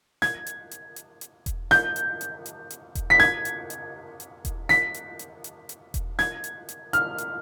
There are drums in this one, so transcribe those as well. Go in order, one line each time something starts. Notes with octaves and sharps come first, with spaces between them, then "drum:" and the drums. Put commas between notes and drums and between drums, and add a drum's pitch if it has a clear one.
G#6, drum: snare
drum: hi-hat
drum: hi-hat
drum: hi-hat
drum: hi-hat
drum: kick E1, hi-hat
G6, drum: snare
drum: hi-hat
drum: hi-hat
drum: hi-hat
drum: hi-hat
drum: kick E1, hi-hat
B6
G#6, drum: snare
drum: hi-hat
drum: hi-hat
drum: hi-hat
drum: kick E1, hi-hat
B6, drum: snare
drum: hi-hat
drum: hi-hat
drum: hi-hat
drum: hi-hat
drum: kick E1, hi-hat
G#6, drum: snare
drum: hi-hat
drum: hi-hat
F6, drum: hi-hat
drum: hi-hat